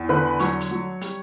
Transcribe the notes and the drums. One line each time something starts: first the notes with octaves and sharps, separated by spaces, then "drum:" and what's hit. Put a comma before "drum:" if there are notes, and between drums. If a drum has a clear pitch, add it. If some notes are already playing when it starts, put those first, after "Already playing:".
Already playing: E2
D3 B4 B5
F#3 C#5 C#6, drum: hi-hat
drum: hi-hat
F#3
G3, drum: hi-hat